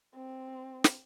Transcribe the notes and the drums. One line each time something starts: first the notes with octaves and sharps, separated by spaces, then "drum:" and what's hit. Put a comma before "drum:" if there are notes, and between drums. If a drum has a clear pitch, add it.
C4
drum: snare